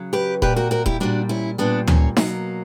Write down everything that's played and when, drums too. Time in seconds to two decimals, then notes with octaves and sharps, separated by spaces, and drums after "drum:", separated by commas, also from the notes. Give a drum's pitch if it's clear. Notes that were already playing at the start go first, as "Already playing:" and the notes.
Already playing: C#3 F#3
0.13 G4 B4
0.42 A#2 G3 G4 B4, drum: kick D#1
0.56 F#4 A#4
0.71 F#4 A#4
0.86 E4 G4, drum: kick D#1
1.00 A#2 G3 D4 F#4
1.29 C#4 E4
1.58 A#2 G3 B3 D4
1.87 A#3 C#4, drum: tom D2
2.17 B2 F#3 A#3, drum: snare D#4